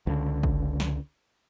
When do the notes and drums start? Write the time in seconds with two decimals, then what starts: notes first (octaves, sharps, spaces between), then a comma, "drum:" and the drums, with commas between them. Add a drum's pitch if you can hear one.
0.07 C#2 D3
0.43 drum: kick
0.80 drum: snare